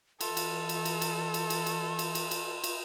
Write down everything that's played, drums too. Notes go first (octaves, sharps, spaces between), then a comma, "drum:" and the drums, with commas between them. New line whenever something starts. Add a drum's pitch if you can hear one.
E3 A4 C6, drum: cymbal
drum: cymbal
drum: cymbal
drum: cymbal
drum: cymbal
drum: cymbal
drum: cymbal
drum: cymbal
drum: cymbal
drum: cymbal
drum: cymbal
drum: cymbal